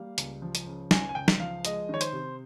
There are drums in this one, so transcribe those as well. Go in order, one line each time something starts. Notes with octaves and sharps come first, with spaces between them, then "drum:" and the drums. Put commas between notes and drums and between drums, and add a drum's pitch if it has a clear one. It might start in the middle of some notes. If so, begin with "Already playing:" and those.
Already playing: G3 A#3 F5
C#2, drum: hi-hat
F3
drum: hi-hat
C#3
C#2 G#5, drum: snare
G#5
C#2 G5
drum: snare
F3 F5
G#3 D#5, drum: hi-hat
D#3 C#5
C5, drum: hi-hat
C3